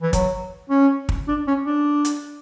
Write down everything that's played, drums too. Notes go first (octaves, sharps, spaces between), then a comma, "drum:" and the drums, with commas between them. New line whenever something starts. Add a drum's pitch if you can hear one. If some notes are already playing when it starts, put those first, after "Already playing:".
E3
F#3, drum: kick, hi-hat
C#4
drum: kick
D4
C#4
D4
drum: hi-hat